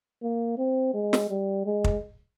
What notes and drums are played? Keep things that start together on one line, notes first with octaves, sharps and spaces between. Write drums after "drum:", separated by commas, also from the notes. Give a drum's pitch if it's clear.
A#3
C4
G#3
drum: snare
G3
G#3
drum: kick